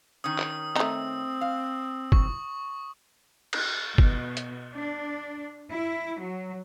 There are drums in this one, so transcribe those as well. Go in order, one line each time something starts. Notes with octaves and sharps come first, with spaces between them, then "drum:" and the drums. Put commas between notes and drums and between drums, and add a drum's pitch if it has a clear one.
D#3 C#4 D#6
drum: clap
A3 C4 D#4, drum: clap
F5
C#6, drum: kick G1
drum: cymbal
B2, drum: kick G1
drum: hi-hat
D4
E4
F#3